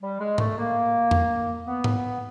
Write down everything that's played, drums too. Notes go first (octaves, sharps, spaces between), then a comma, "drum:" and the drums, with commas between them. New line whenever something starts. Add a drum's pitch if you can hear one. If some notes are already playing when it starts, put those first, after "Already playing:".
G3
G#3
A3, drum: tom G#2
A#3
drum: tom E2
B3
drum: tom G#2
B3